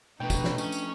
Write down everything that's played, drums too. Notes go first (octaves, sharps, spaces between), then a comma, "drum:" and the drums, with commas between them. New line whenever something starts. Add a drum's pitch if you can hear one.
B2 F3 A3 D4 D#4 B4 G5
drum: kick, tambourine
drum: snare
C#4, drum: tambourine
drum: tambourine